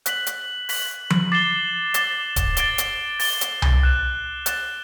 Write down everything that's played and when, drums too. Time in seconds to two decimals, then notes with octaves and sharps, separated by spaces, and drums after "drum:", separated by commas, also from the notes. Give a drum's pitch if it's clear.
0.06 F#6 B6 F#7, drum: hi-hat
0.27 drum: hi-hat
0.69 F#6 B6 F#7, drum: open hi-hat
1.10 drum: tom F3
1.32 D6 A6 C7 E7 G7
1.94 D6 A6 C7 E7 G7, drum: hi-hat
2.36 drum: kick D1, hi-hat
2.57 A6 D7 G7, drum: hi-hat
2.78 drum: hi-hat
3.20 A6 D7 G7, drum: open hi-hat
3.41 drum: hi-hat
3.62 drum: tom C2
3.83 F#6 A6 E7
4.46 F#6 A6 E7, drum: hi-hat